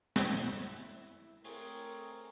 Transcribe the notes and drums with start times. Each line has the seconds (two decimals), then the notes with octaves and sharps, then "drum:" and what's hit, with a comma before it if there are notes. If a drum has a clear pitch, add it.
0.16 E4, drum: snare
1.44 A3 C4 G#4 A#4 C#5, drum: open hi-hat